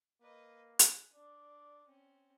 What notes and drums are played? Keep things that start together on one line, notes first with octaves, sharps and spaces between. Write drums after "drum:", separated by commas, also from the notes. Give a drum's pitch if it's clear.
A#3 B4 D#5
G#4 F#6, drum: hi-hat
D4 D5
C4 C#4